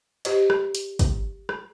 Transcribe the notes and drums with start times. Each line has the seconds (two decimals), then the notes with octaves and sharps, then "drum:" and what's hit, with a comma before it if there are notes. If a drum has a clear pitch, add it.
0.25 G4 C5 D#5, drum: hi-hat
0.50 drum: rim click
0.75 drum: hi-hat
0.99 drum: kick, hi-hat
1.49 drum: rim click